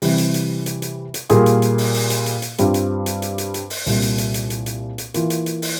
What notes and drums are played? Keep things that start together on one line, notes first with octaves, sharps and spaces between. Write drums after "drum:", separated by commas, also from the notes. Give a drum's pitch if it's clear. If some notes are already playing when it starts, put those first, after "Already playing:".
C3 E3 G3, drum: open hi-hat
drum: hi-hat
drum: hi-hat
drum: hi-hat
drum: hi-hat
drum: hi-hat
A#2 G3 A#3 F4 G#4, drum: hi-hat
drum: hi-hat
drum: hi-hat
drum: open hi-hat
drum: open hi-hat
drum: hi-hat
drum: hi-hat
drum: hi-hat
G2 G3 C4 F4, drum: hi-hat
drum: hi-hat
drum: hi-hat
drum: hi-hat
drum: hi-hat
drum: hi-hat
drum: open hi-hat
C2 A#2 G3, drum: open hi-hat
drum: hi-hat
drum: hi-hat
drum: hi-hat
drum: hi-hat
drum: hi-hat
drum: hi-hat
E3 A#3 F4, drum: hi-hat
drum: hi-hat
drum: hi-hat
drum: open hi-hat